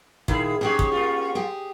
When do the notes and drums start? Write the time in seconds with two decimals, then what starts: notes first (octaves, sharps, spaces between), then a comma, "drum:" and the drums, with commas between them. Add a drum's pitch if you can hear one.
0.28 A#2 D#3 E4 G#4, drum: kick
0.61 G#2 C#4 G4 G#4 C#5
0.79 drum: kick
0.92 A#3 F4
1.35 G4 G#4